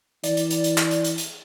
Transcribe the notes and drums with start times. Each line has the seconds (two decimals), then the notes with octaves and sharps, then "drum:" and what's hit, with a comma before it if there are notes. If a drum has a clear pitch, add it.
0.24 E3 D5, drum: hi-hat
0.37 drum: hi-hat
0.51 drum: hi-hat
0.64 drum: hi-hat
0.77 drum: clap
0.91 drum: hi-hat
1.04 drum: hi-hat
1.18 drum: hi-hat